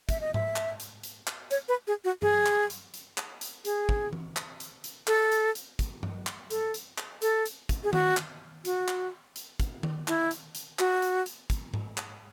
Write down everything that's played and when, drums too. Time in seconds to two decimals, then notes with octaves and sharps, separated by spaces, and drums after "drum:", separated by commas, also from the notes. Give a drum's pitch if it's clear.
0.09 E5, drum: kick, hi-hat
0.21 D#5
0.34 E5, drum: tom G#2
0.56 drum: clap
0.80 drum: hi-hat
1.03 drum: hi-hat
1.27 drum: clap
1.51 C#5, drum: hi-hat
1.68 B4
1.87 G#4
2.04 F#4
2.22 G#4, drum: tom G2
2.46 drum: clap
2.70 drum: hi-hat
2.94 drum: hi-hat
3.18 drum: clap
3.41 drum: hi-hat
3.65 G#4, drum: hi-hat
3.89 drum: kick
4.13 drum: tom E3
4.36 drum: clap
4.60 drum: hi-hat
4.84 drum: hi-hat
5.07 A4, drum: clap
5.32 drum: hi-hat
5.55 drum: hi-hat
5.79 drum: kick, hi-hat
6.03 drum: tom G2
6.27 drum: clap
6.50 A4, drum: hi-hat
6.74 drum: hi-hat
6.98 drum: clap
7.22 A4, drum: hi-hat
7.46 drum: hi-hat
7.69 drum: kick, hi-hat
7.84 G#4
7.93 F#4, drum: tom D#3
8.17 drum: clap
8.65 F#4, drum: hi-hat
8.88 drum: clap
9.36 drum: hi-hat
9.60 drum: kick, hi-hat
9.83 drum: tom D#3
10.08 E4, drum: clap
10.31 drum: hi-hat
10.55 drum: hi-hat
10.79 F#4, drum: clap
11.02 drum: hi-hat
11.26 drum: hi-hat
11.50 drum: kick, hi-hat
11.74 drum: tom G#2
11.97 drum: clap